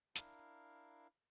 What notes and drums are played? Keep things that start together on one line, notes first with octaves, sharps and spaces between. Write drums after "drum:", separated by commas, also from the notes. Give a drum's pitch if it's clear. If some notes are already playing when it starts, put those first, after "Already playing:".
D4 E4 A#4 F5, drum: hi-hat